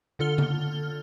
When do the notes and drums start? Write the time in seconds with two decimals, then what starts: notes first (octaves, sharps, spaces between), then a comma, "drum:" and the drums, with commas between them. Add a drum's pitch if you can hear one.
0.19 D3 F4 A4 F6 G7
0.38 drum: tom C#3